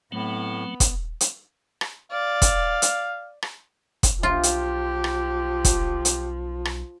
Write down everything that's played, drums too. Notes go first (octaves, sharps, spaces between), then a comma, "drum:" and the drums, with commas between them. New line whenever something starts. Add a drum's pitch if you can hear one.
A2 F#3 A3 B3 C4
drum: kick, hi-hat
drum: hi-hat
drum: rim click
D5 F5
drum: kick, hi-hat
drum: hi-hat
drum: rim click
drum: kick, hi-hat
B1 F3 F4 G4
drum: hi-hat
drum: rim click
drum: kick, hi-hat
drum: hi-hat
drum: rim click